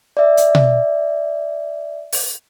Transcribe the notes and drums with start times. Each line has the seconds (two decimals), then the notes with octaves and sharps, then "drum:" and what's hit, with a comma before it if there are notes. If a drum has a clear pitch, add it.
0.17 D5 E5
0.37 drum: hi-hat
0.55 drum: tom B2
2.12 drum: open hi-hat